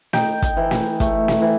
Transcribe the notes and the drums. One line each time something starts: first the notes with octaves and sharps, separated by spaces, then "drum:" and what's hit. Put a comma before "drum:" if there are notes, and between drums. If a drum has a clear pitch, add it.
D#4 G5, drum: snare
drum: kick, hi-hat
E3
drum: snare
A3, drum: kick, hi-hat
drum: snare
E3